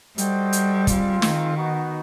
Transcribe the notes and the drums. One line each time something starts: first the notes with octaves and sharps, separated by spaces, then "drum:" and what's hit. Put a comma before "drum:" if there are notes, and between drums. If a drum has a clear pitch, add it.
G3 F#4 A4 C5 D#5 G5, drum: hi-hat
drum: hi-hat
G#3 C4 F4, drum: kick, hi-hat
D#3, drum: snare
B3 D#4 F#4